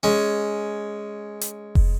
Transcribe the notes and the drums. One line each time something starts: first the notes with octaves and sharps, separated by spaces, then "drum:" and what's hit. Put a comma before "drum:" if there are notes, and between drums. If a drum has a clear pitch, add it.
G#3 C#4
drum: hi-hat
drum: kick F1